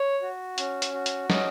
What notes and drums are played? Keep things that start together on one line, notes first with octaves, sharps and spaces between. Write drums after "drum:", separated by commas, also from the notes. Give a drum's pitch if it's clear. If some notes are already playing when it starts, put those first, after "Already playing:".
Already playing: C#5
F#4
C#4, drum: hi-hat
drum: hi-hat
F#4
drum: hi-hat
C#4 D#5, drum: snare